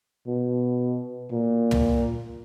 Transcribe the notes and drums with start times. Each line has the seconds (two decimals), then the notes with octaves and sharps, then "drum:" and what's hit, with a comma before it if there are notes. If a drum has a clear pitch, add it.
0.27 B2
1.32 A#2
1.71 drum: tom